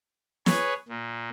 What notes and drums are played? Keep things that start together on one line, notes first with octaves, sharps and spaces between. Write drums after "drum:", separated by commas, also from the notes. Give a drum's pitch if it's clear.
G#4 B4 C#5, drum: snare
A#2